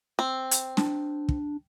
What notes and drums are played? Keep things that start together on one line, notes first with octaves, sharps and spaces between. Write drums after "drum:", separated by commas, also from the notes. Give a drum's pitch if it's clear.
C4
drum: hi-hat
D4, drum: snare
drum: kick